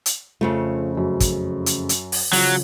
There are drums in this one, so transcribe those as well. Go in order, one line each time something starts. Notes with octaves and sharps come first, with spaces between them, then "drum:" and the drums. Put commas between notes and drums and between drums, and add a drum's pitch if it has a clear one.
drum: hi-hat
F2 C#3 F3 A3
F#2
drum: kick, hi-hat
drum: hi-hat
drum: hi-hat
drum: open hi-hat
C#3 F3 F#3, drum: open hi-hat